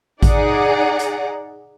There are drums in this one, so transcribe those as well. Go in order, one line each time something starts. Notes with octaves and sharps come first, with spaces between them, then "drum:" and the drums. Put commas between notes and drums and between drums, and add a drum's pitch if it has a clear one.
D#4 G#4 D5 F#5 A#5, drum: kick A1, hi-hat
drum: hi-hat